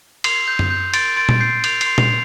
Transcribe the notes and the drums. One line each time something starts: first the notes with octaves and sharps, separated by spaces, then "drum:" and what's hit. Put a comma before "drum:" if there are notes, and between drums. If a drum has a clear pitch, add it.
C6 C7 F7, drum: cymbal
G6
drum: tom F#2
G6
C6 A6 D7, drum: cymbal
C6 A6 D7
drum: tom A#2
G6 C7
G6 C7 F7, drum: cymbal
C7 F7, drum: cymbal
C6
C7 F7, drum: tom A#2